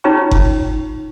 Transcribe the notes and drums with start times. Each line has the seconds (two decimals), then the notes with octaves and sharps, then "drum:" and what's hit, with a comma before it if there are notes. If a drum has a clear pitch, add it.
0.04 C#4 D#4 F4 C#5 A#5 C#6
0.31 drum: kick F#1